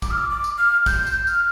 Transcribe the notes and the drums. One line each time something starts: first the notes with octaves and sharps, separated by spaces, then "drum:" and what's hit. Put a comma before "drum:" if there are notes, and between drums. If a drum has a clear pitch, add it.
D6, drum: kick, tambourine
F6
D6
D6
drum: tambourine
F6
G6, drum: kick, tambourine
drum: tambourine
F6, drum: tambourine